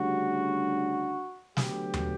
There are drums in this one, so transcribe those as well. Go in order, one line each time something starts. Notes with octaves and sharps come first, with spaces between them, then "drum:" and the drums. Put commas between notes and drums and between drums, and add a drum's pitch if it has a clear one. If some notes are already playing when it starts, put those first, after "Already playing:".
Already playing: D2 C#3 G3 D4 F#4
D2 D3 F#3 B3 G4, drum: snare
drum: tom D#2